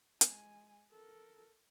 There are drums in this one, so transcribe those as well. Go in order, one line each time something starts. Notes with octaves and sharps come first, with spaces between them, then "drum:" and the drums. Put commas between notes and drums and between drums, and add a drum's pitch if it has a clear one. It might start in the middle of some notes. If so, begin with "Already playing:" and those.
G#3 G#5, drum: hi-hat
A4 A#4